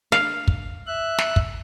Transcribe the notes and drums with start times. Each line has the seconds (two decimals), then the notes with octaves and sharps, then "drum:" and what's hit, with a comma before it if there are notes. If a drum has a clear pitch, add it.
0.12 F5, drum: snare
0.48 drum: kick
0.87 E5 F#6
1.18 drum: snare
1.36 drum: kick